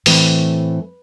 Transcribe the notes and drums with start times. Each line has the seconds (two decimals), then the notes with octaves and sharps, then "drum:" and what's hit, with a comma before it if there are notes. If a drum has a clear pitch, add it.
0.06 A2 E3 A3 C4 B4, drum: open hi-hat